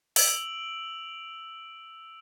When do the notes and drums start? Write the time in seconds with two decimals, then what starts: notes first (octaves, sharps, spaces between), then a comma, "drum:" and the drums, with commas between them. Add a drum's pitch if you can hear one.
0.16 E6 D7 F7 F#7, drum: open hi-hat